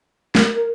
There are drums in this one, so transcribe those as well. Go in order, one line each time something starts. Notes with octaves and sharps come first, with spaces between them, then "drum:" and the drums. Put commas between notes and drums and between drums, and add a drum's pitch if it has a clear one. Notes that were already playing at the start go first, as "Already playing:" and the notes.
A#4, drum: snare
A#4